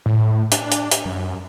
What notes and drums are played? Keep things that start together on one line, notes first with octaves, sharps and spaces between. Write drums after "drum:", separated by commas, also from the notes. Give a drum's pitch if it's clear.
A2
D4, drum: hi-hat
drum: hi-hat
drum: hi-hat
F#2